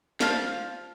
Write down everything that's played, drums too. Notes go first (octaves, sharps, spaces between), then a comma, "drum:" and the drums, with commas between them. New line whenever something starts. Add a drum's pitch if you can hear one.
F3 F5, drum: snare